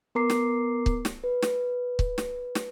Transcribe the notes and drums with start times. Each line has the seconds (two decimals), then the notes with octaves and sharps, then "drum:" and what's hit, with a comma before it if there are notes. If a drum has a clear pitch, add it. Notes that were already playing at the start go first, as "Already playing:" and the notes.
0.15 B3 A#4 A#5 D6 C7
0.30 drum: snare
0.86 drum: kick C#1
1.05 drum: snare
1.24 B4
1.42 drum: snare
1.99 drum: kick C#1
2.18 drum: snare
2.55 drum: snare